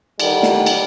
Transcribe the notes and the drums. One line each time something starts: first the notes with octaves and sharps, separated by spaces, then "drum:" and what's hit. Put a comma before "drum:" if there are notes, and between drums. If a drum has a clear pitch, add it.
D3 D#3 G3, drum: cymbal
drum: snare
drum: cymbal